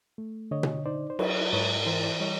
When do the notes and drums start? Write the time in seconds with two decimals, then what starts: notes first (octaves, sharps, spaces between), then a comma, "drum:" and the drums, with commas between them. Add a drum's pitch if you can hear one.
0.18 A3
0.51 D3 C#5 D#5
0.63 drum: tom B2
0.86 D#4 C5 D5
1.10 C5
1.19 F#3 B4 C#5, drum: cymbal
1.53 G#2 B4 C#5
1.86 E3 A#4 C5
2.03 C5 D5
2.20 G3 C#5 D#5